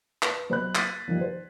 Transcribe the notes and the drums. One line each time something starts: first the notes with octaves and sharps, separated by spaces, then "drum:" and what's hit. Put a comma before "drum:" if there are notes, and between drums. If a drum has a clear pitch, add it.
B4, drum: clap
B1 C5 B5 F#6
G#6 A6 B6 C7 D#7, drum: clap
G2 D#3 F3
C5